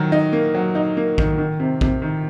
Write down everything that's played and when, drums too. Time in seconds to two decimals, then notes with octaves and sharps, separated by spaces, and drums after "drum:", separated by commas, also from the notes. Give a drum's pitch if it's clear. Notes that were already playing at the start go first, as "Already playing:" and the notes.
Already playing: D#3 F#3
0.12 D#4
0.33 A#3
0.54 F#3
0.75 D#4
0.97 A#3
1.18 D#3, drum: kick A#1
1.38 D#3
1.60 C3
1.81 C3, drum: kick A#1
2.02 D#3